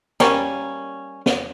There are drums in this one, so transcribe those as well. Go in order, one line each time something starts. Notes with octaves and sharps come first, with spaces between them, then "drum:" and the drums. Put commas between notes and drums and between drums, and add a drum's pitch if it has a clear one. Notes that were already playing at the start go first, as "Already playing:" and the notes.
G3 A#3 C#4, drum: snare
drum: snare